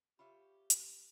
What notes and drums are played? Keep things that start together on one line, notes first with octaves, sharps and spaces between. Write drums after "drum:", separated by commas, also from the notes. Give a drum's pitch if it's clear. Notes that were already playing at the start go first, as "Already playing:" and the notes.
F4 G4 C#5 E5 B5
drum: hi-hat